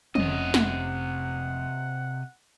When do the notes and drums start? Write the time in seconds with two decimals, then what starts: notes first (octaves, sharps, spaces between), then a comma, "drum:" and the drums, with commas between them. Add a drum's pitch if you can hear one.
0.15 F1 F2 C3 C#4 D#5 F#5, drum: tom
0.54 drum: snare